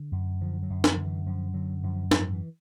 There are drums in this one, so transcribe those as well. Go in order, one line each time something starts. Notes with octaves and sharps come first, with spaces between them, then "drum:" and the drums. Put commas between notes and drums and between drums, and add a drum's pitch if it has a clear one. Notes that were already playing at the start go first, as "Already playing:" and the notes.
Already playing: D3
F#2
D3 F3
F#3
F#2
F3, drum: snare
D3
E3
F#2 F3
D3 F#3
F#2 F3
G#2 F3, drum: snare
E3